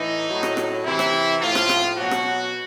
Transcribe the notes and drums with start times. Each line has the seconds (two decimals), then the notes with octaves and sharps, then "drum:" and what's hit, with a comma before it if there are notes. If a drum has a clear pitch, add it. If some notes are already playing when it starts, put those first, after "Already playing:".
Already playing: A2 E3 D#4
0.28 A2 F#3
0.43 drum: rim click
0.57 drum: rim click
0.85 C3 E3 E4
0.99 drum: rim click
1.41 A2 F3 F4
1.55 drum: rim click
1.69 drum: rim click
1.98 B2 F#3 F#4
2.11 drum: rim click